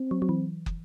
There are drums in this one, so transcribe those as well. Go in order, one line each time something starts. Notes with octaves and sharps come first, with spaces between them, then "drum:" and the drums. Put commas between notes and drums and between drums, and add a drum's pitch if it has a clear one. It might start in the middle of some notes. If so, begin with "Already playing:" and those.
Already playing: C4
F#3
F#3
E3
drum: kick